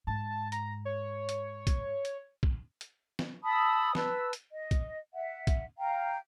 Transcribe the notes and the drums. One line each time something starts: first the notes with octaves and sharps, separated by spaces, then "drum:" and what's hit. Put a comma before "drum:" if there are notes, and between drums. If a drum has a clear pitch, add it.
G#2 A5
A#5, drum: hi-hat
C#5
drum: hi-hat
drum: kick, hi-hat
drum: hi-hat
drum: kick
drum: hi-hat
drum: snare
A5 B5 D#6 E6
B4 A5 E6, drum: snare
drum: hi-hat
D#5
drum: kick, hi-hat
E5 F#5
drum: kick, hi-hat
F5 G5 A#5